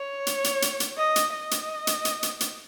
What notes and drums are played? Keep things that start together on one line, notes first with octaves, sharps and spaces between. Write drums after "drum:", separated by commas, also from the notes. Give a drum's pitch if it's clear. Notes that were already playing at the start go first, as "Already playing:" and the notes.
Already playing: C#5
drum: hi-hat
drum: hi-hat
drum: hi-hat
drum: hi-hat
D#5
drum: hi-hat
D#5
drum: hi-hat
drum: hi-hat
drum: hi-hat
drum: hi-hat
drum: hi-hat